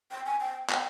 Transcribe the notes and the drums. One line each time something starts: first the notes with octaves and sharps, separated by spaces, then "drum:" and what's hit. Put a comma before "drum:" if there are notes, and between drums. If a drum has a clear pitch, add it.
G5
G#5
G5
G5, drum: clap